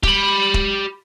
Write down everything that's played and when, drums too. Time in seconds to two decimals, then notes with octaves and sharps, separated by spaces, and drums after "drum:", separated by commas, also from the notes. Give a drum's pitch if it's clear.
0.03 G4 B5, drum: kick D#1
0.54 drum: kick D#1